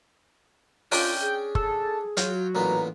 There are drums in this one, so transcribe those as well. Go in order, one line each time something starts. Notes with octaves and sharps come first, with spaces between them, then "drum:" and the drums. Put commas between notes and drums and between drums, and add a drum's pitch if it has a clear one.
C#4 D4 F4 G5 G#5, drum: open hi-hat
G#4
A4, drum: kick
F#3 F4 G5, drum: hi-hat
A1 A#2 B3 A#5